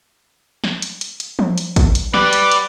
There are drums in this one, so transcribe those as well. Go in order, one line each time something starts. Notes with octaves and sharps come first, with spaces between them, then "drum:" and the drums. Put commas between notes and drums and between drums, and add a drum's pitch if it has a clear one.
drum: snare
drum: hi-hat
drum: hi-hat
drum: hi-hat
drum: tom F3
drum: hi-hat
drum: kick, hi-hat
drum: hi-hat
G4 B4 D5, drum: snare
drum: hi-hat
drum: hi-hat